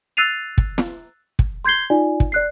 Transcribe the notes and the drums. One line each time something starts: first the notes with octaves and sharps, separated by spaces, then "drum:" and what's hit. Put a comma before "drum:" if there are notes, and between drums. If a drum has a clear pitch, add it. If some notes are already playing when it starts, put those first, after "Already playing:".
E6 F#6 A6 C7 D#7 F7
drum: kick
drum: snare
drum: kick
C6 G6 G#6 C7 G7
D#4 F4 D5 G#5
drum: kick
D5 F#6 C7